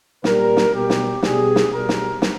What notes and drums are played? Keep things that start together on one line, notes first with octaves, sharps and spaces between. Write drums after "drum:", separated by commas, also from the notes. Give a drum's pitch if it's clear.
A#2 G3 A#4, drum: snare
drum: snare
B2 G3 G4
drum: snare
B2 G3 G#4, drum: snare
drum: snare
B2 G3 A#4
drum: snare
drum: snare